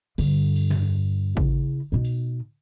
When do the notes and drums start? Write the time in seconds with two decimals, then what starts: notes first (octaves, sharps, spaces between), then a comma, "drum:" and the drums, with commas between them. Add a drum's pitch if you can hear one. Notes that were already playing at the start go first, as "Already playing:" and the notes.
0.18 G2 D3, drum: cymbal
0.55 drum: cymbal
0.70 drum: tom
1.37 C#3 E4, drum: kick
1.92 B2 D#4
2.05 drum: open hi-hat